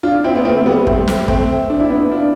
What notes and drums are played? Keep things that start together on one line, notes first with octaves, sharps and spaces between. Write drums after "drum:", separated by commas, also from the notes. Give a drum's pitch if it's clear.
D4 F4
C4 E4
B3
A3 C4
G3 B3
A3 C4, drum: kick
drum: snare
A3 C4, drum: kick
D4
E4
B3 D4
D4 F4